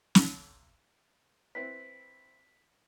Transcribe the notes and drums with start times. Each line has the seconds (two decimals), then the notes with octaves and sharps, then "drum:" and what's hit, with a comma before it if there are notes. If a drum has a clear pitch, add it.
0.15 drum: snare
1.55 C4 E4 B4 B6